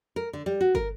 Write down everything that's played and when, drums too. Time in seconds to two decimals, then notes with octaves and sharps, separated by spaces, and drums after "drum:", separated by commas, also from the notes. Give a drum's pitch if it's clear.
0.16 A#4
0.33 D3
0.46 G3
0.61 F#4
0.75 A#4, drum: kick